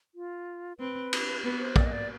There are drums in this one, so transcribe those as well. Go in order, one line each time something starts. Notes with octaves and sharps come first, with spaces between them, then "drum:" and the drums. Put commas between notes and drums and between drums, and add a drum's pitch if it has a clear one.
F4
C4 B4
drum: cymbal
B3 B4
C5
A#3 D5, drum: kick
D#5
D5